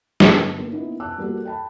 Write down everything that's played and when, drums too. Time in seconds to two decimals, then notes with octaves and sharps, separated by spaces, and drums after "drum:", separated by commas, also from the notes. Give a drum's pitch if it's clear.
0.20 G1 A5, drum: snare
0.58 A#3
0.71 A#3 B3 C#4 D#4 E4
1.00 A5 D6 E6 F#6
1.18 G3 A#3 F#4 A4
1.45 G5 A5 B5